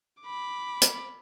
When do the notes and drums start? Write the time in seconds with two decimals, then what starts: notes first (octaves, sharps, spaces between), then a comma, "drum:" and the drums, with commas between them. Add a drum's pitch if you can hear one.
0.22 B5 D6
0.82 drum: hi-hat